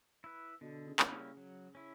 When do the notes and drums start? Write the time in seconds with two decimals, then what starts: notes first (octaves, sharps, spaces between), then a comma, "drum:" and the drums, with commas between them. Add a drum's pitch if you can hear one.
0.24 E4 B4
0.61 B2 D3
0.87 C#3
0.99 G3 A#3 C#4 E4, drum: clap
1.12 C#3
1.37 F#3
1.75 C#4 E4